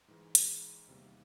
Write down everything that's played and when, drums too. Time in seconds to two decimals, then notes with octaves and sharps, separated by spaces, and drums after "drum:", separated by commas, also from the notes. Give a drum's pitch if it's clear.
0.08 G#2 E3 G#3
0.35 drum: hi-hat
0.87 E2 C3 D#3 G3 A#3